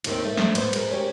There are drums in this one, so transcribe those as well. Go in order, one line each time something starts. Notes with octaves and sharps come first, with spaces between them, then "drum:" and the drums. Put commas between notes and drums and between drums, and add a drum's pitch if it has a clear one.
D#2 D#3 C4, drum: cymbal
A3
drum: snare
B3 C5, drum: cymbal
G#3 A#4, drum: cymbal
C#4 G4